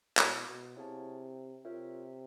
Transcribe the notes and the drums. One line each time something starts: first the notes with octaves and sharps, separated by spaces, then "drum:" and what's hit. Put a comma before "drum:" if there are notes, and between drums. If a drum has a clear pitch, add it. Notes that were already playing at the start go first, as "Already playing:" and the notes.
B2, drum: clap
B2
C3 E4 G#4 C#5 F5 A5
C3 F4 A#4 C#5 E5